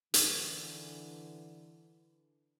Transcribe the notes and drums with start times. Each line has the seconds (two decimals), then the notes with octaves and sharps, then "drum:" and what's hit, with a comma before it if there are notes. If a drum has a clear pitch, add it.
0.14 D3 E3, drum: hi-hat